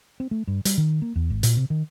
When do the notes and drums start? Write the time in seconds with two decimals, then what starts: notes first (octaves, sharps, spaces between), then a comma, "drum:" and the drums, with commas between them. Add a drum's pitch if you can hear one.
0.20 C4
0.31 A3
0.47 G2
0.65 G3, drum: hi-hat
0.78 D#3
1.02 A#3
1.16 E2
1.30 G#1
1.43 A#2, drum: hi-hat
1.57 C3
1.70 D#3